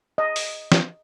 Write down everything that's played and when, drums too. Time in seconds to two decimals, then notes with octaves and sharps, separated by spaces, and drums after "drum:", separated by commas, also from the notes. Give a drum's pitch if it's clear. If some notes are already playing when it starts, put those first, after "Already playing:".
0.18 D#5
0.36 drum: open hi-hat
0.72 drum: snare